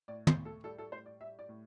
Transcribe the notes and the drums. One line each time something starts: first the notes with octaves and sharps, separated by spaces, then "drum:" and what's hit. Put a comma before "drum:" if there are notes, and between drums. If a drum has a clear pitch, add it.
A2 D5
C5, drum: tom
A2
A4
G3 A4
A4
A2 C5
D5
G3 E5
D5
A2